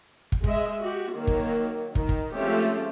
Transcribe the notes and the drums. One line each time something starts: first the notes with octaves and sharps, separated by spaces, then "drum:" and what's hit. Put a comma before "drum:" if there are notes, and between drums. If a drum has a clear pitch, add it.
drum: kick
G#3 D#5 E5, drum: kick
F#4 G4
D#3 F#3 A#3
drum: kick
D#3, drum: kick
drum: kick
F3 G#3 A3 C4 C#4 G4